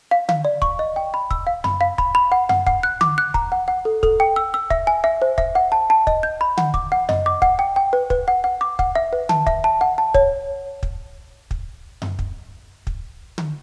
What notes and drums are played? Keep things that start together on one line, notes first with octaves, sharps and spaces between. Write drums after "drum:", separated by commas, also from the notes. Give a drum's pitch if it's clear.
F5
F5, drum: tom D3
D5
C#6, drum: kick
D#5
G5
B5
E6, drum: kick
F5
B5, drum: tom F#2
F5
B5, drum: kick
B5
F#5
F#5, drum: tom F#2
F#5, drum: kick
F#6
D6, drum: tom D3
F#6
A#5, drum: kick
F#5
F#5
A4
A4, drum: kick
G5
E6
E6
E5, drum: kick
G#5
E5
C5
E5, drum: kick
F#5
A5
A5
D#5, drum: kick
G6
B5
F#5, drum: tom D3
D6, drum: kick
F#5
D#5, drum: tom F#2
D6
F#5, drum: kick
G5
G5
B4
B4, drum: kick
F#5
F#5
D6
F#5, drum: kick
E5
B4
A5, drum: tom D3
E5, drum: kick
A5
F#5
A5
C#5, drum: kick
drum: kick
drum: kick
drum: tom F#2
drum: kick
drum: kick
drum: tom D3